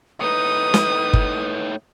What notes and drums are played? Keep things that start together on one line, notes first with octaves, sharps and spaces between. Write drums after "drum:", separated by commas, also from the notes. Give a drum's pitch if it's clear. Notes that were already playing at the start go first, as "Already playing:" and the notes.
A2 D#4 B4 D#6
drum: snare
drum: kick G1